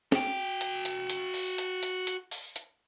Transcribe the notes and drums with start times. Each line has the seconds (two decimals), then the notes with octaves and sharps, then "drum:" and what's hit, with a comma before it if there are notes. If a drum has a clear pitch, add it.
0.12 F#4 G5, drum: snare
0.61 drum: hi-hat
0.85 drum: hi-hat
1.10 drum: hi-hat
1.34 drum: open hi-hat
1.58 drum: hi-hat
1.83 drum: hi-hat
2.07 drum: hi-hat
2.31 drum: open hi-hat
2.56 drum: hi-hat